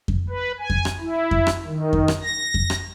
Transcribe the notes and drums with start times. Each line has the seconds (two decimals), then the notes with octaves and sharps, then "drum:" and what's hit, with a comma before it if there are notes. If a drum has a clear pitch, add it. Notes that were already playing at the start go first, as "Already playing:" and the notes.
0.08 drum: kick F2
0.29 B4
0.59 G#5
0.70 drum: kick F2
0.85 drum: rim click
1.00 E4
1.31 drum: kick F2
1.47 drum: rim click
1.66 D#3
1.93 drum: kick F2
2.08 drum: rim click
2.23 A#6
2.54 drum: kick F2
2.70 drum: rim click